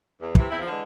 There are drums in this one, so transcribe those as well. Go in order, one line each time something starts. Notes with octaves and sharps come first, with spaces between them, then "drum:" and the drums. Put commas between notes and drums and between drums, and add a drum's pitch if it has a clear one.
E2
C3 E3, drum: kick
E2 C4 E4
F3
D3 E3 G#3